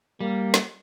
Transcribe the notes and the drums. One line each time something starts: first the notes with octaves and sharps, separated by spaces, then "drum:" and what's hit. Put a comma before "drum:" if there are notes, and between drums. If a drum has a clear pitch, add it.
G3 A#3
drum: snare